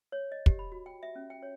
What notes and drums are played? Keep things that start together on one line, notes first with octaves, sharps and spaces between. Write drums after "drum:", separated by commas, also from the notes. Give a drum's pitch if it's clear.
C#5
D#5
G4, drum: kick
B5
F#4
G5
E5
C#4
G5
C#5